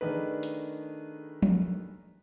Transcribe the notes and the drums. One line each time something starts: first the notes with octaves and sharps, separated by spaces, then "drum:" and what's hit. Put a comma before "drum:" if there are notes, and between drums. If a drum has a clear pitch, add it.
D#3 A3 D4 D#4 G#4 B4
drum: hi-hat
drum: tom F3